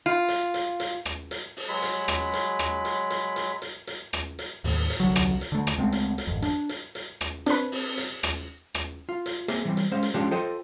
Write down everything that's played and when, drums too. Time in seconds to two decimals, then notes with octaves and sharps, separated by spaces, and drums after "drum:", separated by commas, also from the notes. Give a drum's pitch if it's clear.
0.06 F4
0.28 drum: hi-hat
0.54 drum: hi-hat
0.80 drum: hi-hat
1.05 drum: rim click
1.31 drum: hi-hat
1.57 drum: open hi-hat
1.68 F#3 G#3 B5
1.82 drum: hi-hat
2.08 drum: rim click
2.34 drum: hi-hat
2.59 drum: rim click
2.85 drum: hi-hat
3.10 drum: hi-hat
3.36 drum: hi-hat
3.62 drum: hi-hat
3.87 drum: hi-hat
4.13 drum: rim click
4.39 drum: hi-hat
4.64 D#2 A2, drum: open hi-hat
4.90 drum: hi-hat
5.00 C2 D3 F#3
5.16 drum: rim click
5.41 drum: hi-hat
5.52 D3 A3
5.67 drum: rim click
5.78 C#2 G#3 A3 C4
5.92 drum: hi-hat
6.18 drum: hi-hat
6.27 G#1 F2
6.42 D4, drum: hi-hat
6.69 drum: hi-hat
6.95 drum: hi-hat
7.21 drum: rim click
7.46 C4 D4 B4, drum: hi-hat
7.72 drum: open hi-hat
7.98 drum: hi-hat
8.23 drum: rim click
8.74 drum: rim click
9.09 F4
9.26 drum: hi-hat
9.48 A#3 C4 G#4 E5, drum: hi-hat
9.65 E3 G3 C4
9.77 drum: hi-hat
9.91 G#3 C#4 C5 F5
10.03 drum: hi-hat
10.14 F3 G#3 C#4 D4 F4 G4
10.31 F4 A4 C5 D#5 G5